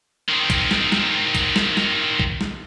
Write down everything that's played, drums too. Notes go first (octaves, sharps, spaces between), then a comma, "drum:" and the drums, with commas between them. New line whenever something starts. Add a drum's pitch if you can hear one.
D#3 C4
drum: kick, hi-hat
drum: snare
drum: snare
drum: kick, hi-hat
drum: snare
drum: snare
drum: kick
drum: snare